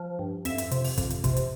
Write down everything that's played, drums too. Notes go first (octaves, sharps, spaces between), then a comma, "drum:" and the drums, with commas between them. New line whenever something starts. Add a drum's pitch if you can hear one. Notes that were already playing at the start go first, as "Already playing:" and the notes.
Already playing: F3
G2
F2 E5, drum: hi-hat
drum: hi-hat
C3, drum: hi-hat
drum: open hi-hat
F2, drum: kick, hi-hat
drum: hi-hat
C3, drum: kick, hi-hat
drum: hi-hat